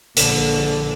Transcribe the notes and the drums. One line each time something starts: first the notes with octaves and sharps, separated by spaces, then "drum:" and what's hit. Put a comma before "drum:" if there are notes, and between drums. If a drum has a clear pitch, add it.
A#1 D3, drum: hi-hat